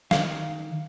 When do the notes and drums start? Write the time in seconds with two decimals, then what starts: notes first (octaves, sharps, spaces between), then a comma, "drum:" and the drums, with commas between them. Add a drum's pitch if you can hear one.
0.11 D#3 F5, drum: snare